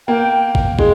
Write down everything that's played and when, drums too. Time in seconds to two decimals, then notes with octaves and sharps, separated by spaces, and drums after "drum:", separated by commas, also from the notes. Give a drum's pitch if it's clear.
0.08 A#3 G5
0.55 drum: kick
0.79 G#3, drum: kick